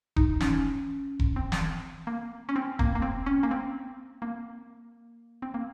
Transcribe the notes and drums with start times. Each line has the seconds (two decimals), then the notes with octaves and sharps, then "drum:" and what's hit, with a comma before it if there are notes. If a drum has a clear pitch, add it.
0.16 D#4, drum: kick E1
0.41 C#4, drum: snare
1.19 drum: kick E1
1.36 C4
1.52 drum: snare
2.07 A#3
2.49 C#4
2.56 C4
2.79 A#3, drum: kick E1
2.95 A#3
3.02 C4
3.26 C#4
3.43 A#3
3.51 C4
4.22 A#3
5.42 C4
5.54 A#3